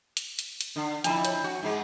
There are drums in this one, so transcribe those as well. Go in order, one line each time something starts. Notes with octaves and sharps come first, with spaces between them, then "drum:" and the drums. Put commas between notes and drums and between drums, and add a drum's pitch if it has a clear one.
drum: hi-hat
drum: hi-hat
drum: hi-hat
D3
F2 D4 E4 A5 A#5, drum: hi-hat
C#5, drum: hi-hat
F#4
G#2 G#3